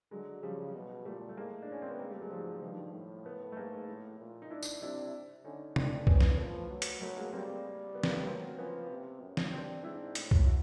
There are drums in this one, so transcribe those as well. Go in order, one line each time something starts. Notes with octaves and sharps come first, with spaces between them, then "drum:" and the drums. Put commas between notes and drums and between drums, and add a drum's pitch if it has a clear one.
D3 F#3 G#3
C#3 F3 G3
B2
A#2 G3 A3
A3
A2 G#3 A#3
D4
A2 C#4
C4
B3
G#3 A#3
G3 A3
F#3 G#3
G#2 F3 G3
G2 D#3 F3
A2
A3 B3
A3
G#2 G#3 A#3
A2
A#2
D#4
D4 E4
drum: tambourine
C3 D4 E4
D3 C#4 D#4
D#3 C4 D4, drum: tom C3
E3 B3 C#4, drum: kick
drum: snare
F3 A3 B3
F#3
drum: hi-hat
F#3 A3 B3
G#3 A#3
G3 A#3 C4
B3
A#3, drum: snare
A3 B3
F#3 A#3 C4
F3 B3 C#4
C3
F#2
drum: snare
G2 C4 D4
G#2 D4 E4
A2, drum: hi-hat
drum: kick
E4 F#4